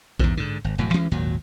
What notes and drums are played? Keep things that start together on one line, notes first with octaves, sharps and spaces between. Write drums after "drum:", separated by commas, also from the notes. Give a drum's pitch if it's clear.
E2 G#2, drum: kick A#1
G#2 D3
G#1
E1 A2 F#3
D2 E3 G#3 C#4
G#1 D#2 A#2 F#3